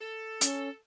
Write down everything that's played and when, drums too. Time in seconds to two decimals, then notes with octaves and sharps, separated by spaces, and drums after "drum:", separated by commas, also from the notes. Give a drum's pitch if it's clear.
0.01 A4
0.41 C#4, drum: hi-hat